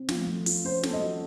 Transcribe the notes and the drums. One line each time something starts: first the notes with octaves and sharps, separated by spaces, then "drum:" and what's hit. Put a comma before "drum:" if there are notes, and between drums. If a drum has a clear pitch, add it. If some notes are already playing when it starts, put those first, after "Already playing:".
Already playing: C4
F3 F4, drum: snare
A3
F4, drum: open hi-hat
C#4 C5
A4, drum: snare
D#5
F#4